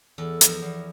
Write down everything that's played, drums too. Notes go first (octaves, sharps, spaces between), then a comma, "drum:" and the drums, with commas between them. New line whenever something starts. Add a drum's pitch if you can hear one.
E2 A4
F3, drum: hi-hat
A#4
E2